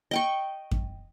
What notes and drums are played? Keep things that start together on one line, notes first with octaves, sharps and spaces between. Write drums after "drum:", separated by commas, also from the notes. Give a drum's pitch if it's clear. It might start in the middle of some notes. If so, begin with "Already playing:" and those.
D#5 G5 C#6
drum: kick F#2